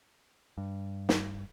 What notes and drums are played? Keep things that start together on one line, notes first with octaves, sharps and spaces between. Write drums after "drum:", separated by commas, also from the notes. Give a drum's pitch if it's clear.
G2
drum: snare